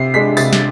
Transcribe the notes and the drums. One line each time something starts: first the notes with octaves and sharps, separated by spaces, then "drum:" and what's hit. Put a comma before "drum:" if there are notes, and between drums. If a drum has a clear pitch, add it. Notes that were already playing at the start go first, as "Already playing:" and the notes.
Already playing: C3 C7
G#3 D4 B6
C3 A6, drum: tambourine
drum: snare